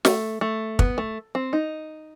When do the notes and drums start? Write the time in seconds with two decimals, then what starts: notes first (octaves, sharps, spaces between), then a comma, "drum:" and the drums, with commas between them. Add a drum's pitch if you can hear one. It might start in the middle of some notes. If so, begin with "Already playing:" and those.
0.05 A3, drum: snare
0.41 A3
0.79 B3, drum: kick
0.98 A3
1.35 C4
1.53 D#4